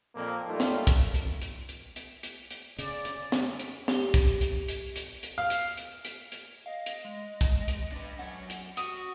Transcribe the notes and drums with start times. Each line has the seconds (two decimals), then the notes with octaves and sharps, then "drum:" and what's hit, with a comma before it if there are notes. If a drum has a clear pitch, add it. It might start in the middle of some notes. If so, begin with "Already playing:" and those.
0.15 F2 A#2 A#3
0.47 G3 A3 A#3 D4 D#4 F4
0.60 drum: snare
0.87 drum: kick, hi-hat
1.14 drum: hi-hat
1.42 drum: hi-hat
1.69 drum: hi-hat
1.96 drum: hi-hat
2.23 drum: hi-hat
2.51 drum: hi-hat
2.79 C#3 D5, drum: hi-hat
3.05 drum: hi-hat
3.32 drum: snare
3.59 drum: hi-hat
3.88 G4 G7, drum: snare
4.14 drum: kick, hi-hat
4.41 drum: hi-hat
4.68 drum: hi-hat
4.96 drum: hi-hat
5.23 drum: hi-hat
5.38 F5
5.50 drum: hi-hat
5.77 drum: hi-hat
6.05 drum: hi-hat
6.32 drum: hi-hat
6.66 D#5 F5
6.86 drum: hi-hat
7.05 G#3
7.41 drum: kick, hi-hat
7.68 drum: hi-hat
7.92 D4 B4
8.19 F#2 C#4 F#5
8.50 drum: hi-hat
8.77 F#4 D#6, drum: hi-hat